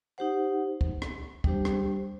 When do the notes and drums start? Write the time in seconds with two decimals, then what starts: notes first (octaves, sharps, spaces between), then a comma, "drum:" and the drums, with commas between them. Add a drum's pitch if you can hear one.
0.18 D#4 G4 C5 F#5
0.81 drum: kick
1.02 drum: rim click
1.44 G3 D4 G4 C5, drum: kick
1.65 drum: rim click